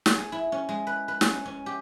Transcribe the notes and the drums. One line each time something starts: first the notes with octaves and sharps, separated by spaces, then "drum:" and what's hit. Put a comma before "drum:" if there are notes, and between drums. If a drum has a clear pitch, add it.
drum: snare
G#4
E4
C#4
G#3
B4
B4
C#4, drum: snare
C#4
G4